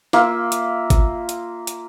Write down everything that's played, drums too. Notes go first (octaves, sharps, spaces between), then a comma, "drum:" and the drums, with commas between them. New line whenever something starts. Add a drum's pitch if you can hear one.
A#3 F4 E5, drum: snare
drum: hi-hat
drum: kick G#1, hi-hat
drum: hi-hat
drum: hi-hat